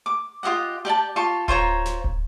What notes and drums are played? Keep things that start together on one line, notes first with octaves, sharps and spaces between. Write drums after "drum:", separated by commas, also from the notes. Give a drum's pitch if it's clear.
D6
F4 G4 D#5 F#5
G4 D5 G5 A5
F4 G4 A5 C#6
F4 C5 C#5 A#5, drum: kick D1
drum: snare
drum: kick D1